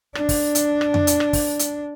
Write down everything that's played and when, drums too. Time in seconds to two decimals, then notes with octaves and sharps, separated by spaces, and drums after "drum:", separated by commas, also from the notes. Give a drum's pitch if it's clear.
0.15 D4, drum: rim click
0.29 drum: kick, open hi-hat
0.55 drum: hi-hat
0.81 drum: rim click
0.94 drum: tom F2
1.07 drum: hi-hat
1.20 drum: rim click
1.33 drum: kick, open hi-hat
1.59 drum: hi-hat